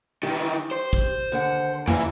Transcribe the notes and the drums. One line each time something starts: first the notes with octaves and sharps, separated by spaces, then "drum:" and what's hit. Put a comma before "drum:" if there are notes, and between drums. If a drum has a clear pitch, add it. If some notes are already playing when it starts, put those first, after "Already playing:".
D#3 E3 G4
C5
drum: kick
D#2 D3 F#5
E3 A#3 C#4, drum: tom E2